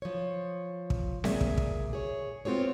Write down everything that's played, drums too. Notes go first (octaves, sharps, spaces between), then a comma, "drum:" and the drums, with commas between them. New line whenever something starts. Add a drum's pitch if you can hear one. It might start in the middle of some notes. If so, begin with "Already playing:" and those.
F3 C#5
drum: kick
A#2 G#4 E5, drum: snare C4
drum: kick
drum: kick
G#4 C#5
B3 C4 F4 G#4 C#5